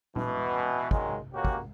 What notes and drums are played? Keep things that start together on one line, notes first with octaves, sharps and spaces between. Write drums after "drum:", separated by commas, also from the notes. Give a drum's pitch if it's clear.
B2 E3, drum: tom A#2
A#2 D#3 F#3 G#3, drum: kick
C#2 A#3 C#4 F#4 G4
drum: kick